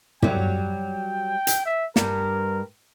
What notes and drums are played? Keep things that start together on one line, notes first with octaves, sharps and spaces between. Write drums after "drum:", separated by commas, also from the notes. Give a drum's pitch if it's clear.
F#3 G3 G5, drum: tom
drum: hi-hat
E5
G2 G3 A#4, drum: snare